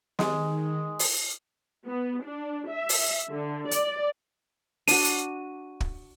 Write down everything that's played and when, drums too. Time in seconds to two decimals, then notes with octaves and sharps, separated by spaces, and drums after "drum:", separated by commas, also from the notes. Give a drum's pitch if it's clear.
0.19 D#3 G#3, drum: snare
0.99 drum: open hi-hat
1.87 B3
2.25 D4
2.70 E5
2.89 drum: open hi-hat
3.30 D3
3.71 D5, drum: hi-hat
4.88 D4 F#4 D#7, drum: open hi-hat
5.04 drum: hi-hat
5.80 drum: kick